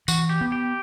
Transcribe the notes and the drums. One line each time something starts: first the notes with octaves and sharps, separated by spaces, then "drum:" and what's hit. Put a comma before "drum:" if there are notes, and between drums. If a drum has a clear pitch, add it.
E3 F#4, drum: tambourine
G4
B3
G4